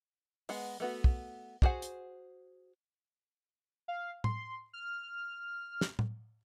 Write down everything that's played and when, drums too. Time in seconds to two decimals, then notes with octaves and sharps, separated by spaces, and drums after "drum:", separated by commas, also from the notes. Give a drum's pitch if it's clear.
0.49 G#3 B3 F#5, drum: open hi-hat
0.80 A3 B3 F#4
1.04 drum: kick
1.62 D4 F#4 G#4 C5 F#5, drum: kick
1.82 drum: hi-hat
3.88 F5
4.24 C6, drum: tom A2
4.73 F6
5.81 drum: snare
5.99 drum: tom A2